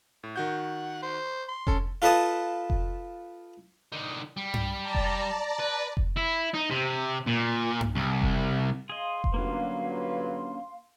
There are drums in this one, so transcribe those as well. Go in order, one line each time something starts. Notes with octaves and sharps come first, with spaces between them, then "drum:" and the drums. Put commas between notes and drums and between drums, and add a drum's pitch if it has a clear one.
A2
D#3 F#4 F#5 G6
C5
C6
C#4 A4, drum: kick F1
F4 A4 B4 D#5 A5 D#6
drum: kick F1
D3 D#4
G3
drum: tom G2
D5 A5 A#5
drum: kick F1
B4
drum: kick F1
E4
D#4
C3
A#2
drum: tom G2
C2
drum: kick F1
G#4 D#5 F5 C6
drum: kick F1
G1 F#3 A#3 C#4 D4 B4